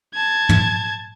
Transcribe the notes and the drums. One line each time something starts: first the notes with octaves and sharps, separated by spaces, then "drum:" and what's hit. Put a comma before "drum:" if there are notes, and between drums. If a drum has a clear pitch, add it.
A5 G#6
drum: tom